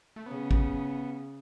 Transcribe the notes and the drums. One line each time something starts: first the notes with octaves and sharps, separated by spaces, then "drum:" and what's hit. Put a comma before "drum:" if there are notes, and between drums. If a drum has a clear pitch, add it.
A3
C#3 B3
drum: kick